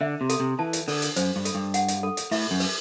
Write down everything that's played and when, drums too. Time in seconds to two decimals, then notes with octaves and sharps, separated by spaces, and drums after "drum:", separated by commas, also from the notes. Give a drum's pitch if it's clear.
0.01 D3 E5
0.21 C3
0.29 A4, drum: hi-hat
0.40 C3
0.59 E3 A5
0.73 drum: hi-hat
0.88 D3 A4, drum: open hi-hat
1.02 drum: hi-hat
1.16 F#2 C5, drum: hi-hat
1.36 G2
1.45 A4, drum: hi-hat
1.55 G2
1.74 F#5, drum: hi-hat
1.88 drum: hi-hat
2.03 A4
2.17 drum: hi-hat
2.31 A2 E5, drum: open hi-hat
2.51 F#2
2.60 B4, drum: open hi-hat